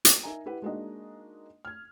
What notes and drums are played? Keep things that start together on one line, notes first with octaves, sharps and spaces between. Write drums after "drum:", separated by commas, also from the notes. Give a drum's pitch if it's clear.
drum: hi-hat
D#4 A#4 E5 G#5 A#5
E4 G4 B4 F#5
G#3 A#3 D4 D#4 F#4 D#5
F6 G#6